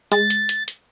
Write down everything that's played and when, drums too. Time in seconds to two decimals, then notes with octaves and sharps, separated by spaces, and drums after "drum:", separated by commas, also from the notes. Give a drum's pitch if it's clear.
0.12 G#3 A6, drum: hi-hat
0.30 drum: hi-hat
0.49 drum: hi-hat
0.68 drum: hi-hat